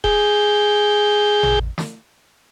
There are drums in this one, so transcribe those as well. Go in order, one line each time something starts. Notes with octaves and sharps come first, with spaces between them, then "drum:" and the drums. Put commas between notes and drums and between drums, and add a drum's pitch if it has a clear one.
G#4 G6, drum: kick E1
drum: tom A1
drum: snare